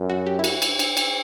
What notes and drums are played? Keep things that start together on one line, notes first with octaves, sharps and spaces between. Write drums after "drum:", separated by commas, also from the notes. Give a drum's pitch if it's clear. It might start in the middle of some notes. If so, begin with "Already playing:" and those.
Already playing: F#2
F#4
G4
E4
F#4, drum: cymbal
drum: cymbal
drum: cymbal
drum: cymbal